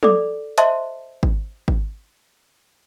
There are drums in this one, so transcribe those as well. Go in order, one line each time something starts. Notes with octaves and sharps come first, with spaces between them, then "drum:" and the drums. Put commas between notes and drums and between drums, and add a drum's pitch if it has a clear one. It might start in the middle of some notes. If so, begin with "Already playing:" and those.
A4 D5 D6, drum: tom
C5 D#5 E5 A5 C6, drum: hi-hat
drum: kick G#1
drum: kick G#1